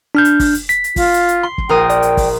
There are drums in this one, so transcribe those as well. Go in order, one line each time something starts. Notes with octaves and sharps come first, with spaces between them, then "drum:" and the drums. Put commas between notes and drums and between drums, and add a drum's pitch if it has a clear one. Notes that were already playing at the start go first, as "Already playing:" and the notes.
D4 F6 G6
drum: hi-hat
drum: kick, open hi-hat
drum: hi-hat
B6, drum: hi-hat
drum: hi-hat
F4, drum: kick, open hi-hat
drum: hi-hat
drum: hi-hat
C6
drum: kick
A#1 A#4 G5 D#6
D5, drum: hi-hat
drum: hi-hat
drum: kick, open hi-hat